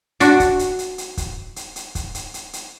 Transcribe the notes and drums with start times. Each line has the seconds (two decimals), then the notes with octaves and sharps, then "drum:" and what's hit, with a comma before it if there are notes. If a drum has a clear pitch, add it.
0.20 D4 F#4, drum: hi-hat
0.40 drum: kick, hi-hat
0.59 drum: hi-hat
0.79 drum: hi-hat
0.98 drum: hi-hat
1.17 drum: kick, hi-hat
1.56 drum: hi-hat
1.76 drum: hi-hat
1.95 drum: kick, hi-hat
2.14 drum: hi-hat
2.34 drum: hi-hat
2.53 drum: hi-hat